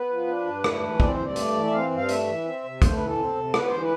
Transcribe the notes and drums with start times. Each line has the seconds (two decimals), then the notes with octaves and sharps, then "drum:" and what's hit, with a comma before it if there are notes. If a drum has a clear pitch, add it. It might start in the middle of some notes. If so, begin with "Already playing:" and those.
Already playing: B3 B4
0.09 F3
0.27 D4
0.46 G2
0.64 A3, drum: rim click
0.83 E3
1.00 C4 D5, drum: kick
1.13 C5
1.18 G2
1.25 D5
1.36 A3, drum: hi-hat
1.54 E3
1.64 E5
1.72 C4 F5
1.91 G2
1.97 F5
2.09 A3 E5, drum: hi-hat
2.27 E3
2.45 C4
2.64 C3
2.82 A3 C5, drum: kick, hi-hat
2.93 B4
2.99 E3
3.06 A4
3.18 C4
3.35 C3
3.54 B3 B4, drum: rim click
3.68 E3 C5
3.81 B4